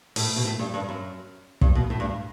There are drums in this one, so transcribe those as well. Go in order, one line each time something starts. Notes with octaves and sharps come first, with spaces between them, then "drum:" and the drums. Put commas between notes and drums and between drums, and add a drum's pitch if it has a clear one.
A2, drum: open hi-hat
B2
A2
G2
G2
F#2
G2, drum: kick
B2
A2
G2